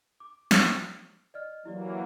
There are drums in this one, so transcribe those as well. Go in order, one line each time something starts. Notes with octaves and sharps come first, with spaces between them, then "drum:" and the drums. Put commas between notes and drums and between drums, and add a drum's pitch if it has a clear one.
D6
drum: snare
D5 D#5 F6
E3 F#3 A#3 E4 G4 D5